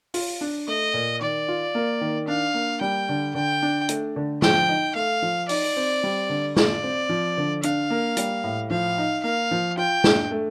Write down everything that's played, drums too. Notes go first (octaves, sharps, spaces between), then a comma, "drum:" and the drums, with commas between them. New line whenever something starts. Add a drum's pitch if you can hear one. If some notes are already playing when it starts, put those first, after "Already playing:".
F4, drum: open hi-hat
D4
A3 D#5
A#2
D#3 D5
F4
A#3
D#3
D4 F5
A#3
G3 G5
D3
D3 G5
D4
A3, drum: hi-hat
D3
F3 G5, drum: snare
D#4
A3 F5
F3
D#4 D5, drum: open hi-hat
C4
G3
D3
F4 D5, drum: snare
C4
F3
D3
D4 F5, drum: hi-hat
A#3
G3, drum: hi-hat
A2
F3 F5
D#4
A#3 F5
F3
F4 G5
D4, drum: snare
A3